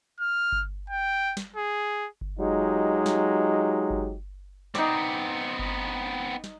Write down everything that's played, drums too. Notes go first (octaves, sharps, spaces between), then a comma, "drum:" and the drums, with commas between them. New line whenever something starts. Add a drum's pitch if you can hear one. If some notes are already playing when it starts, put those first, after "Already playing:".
F6
drum: kick G1
G5
drum: snare
G#4
drum: kick G1
F#3 G#3 D#4 F4 G4
drum: snare
drum: kick G1
B3 C4 D#4 D5, drum: snare
drum: kick G1
drum: snare